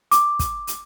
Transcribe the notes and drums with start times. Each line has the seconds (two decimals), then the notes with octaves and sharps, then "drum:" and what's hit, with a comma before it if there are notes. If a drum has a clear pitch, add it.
0.11 D6, drum: hi-hat
0.39 drum: kick, hi-hat
0.67 drum: hi-hat